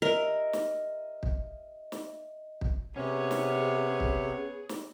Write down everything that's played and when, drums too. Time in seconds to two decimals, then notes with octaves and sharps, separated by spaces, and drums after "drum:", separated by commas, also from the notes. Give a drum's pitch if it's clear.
0.02 A#4 D#5 E5
0.53 drum: snare
1.23 drum: kick
1.92 drum: snare
2.61 drum: kick
2.96 C3 B3 C#4 G#4 C#5
3.31 drum: snare
4.00 drum: kick
4.69 drum: snare